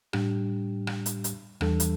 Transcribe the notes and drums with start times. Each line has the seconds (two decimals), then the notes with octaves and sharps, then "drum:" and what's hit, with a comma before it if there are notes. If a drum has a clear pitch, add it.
0.13 A2 G3 D4 G4, drum: rim click
0.87 drum: rim click
1.06 drum: hi-hat
1.24 drum: hi-hat
1.61 E2 E3 G3 D4 A4, drum: rim click
1.80 drum: hi-hat